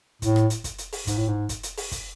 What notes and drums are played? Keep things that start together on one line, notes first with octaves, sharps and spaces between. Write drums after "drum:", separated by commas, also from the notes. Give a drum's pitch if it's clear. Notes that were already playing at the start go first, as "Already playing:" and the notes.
A2, drum: kick, hi-hat
drum: rim click
drum: hi-hat
drum: kick, hi-hat
drum: hi-hat
drum: open hi-hat
G#2, drum: kick, hi-hat
A2
G#2
drum: kick, hi-hat
drum: hi-hat
drum: open hi-hat
drum: kick, hi-hat